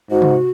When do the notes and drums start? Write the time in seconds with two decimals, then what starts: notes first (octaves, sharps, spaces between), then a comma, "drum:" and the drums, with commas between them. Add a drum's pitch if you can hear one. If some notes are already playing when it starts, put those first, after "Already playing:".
0.11 G#2 F#4
0.22 drum: tom C3